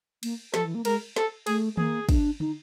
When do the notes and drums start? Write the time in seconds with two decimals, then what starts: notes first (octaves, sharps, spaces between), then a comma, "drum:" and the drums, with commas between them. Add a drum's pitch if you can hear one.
0.23 A#3, drum: cymbal
0.54 F3 A4, drum: snare
0.64 E3
0.74 A#3
0.85 G#3 A#4, drum: cymbal
1.16 A4, drum: snare
1.47 A3 G#4, drum: cymbal
1.77 A#3 G#4, drum: tom D#3
2.09 D4, drum: kick, cymbal
2.40 D#4, drum: tom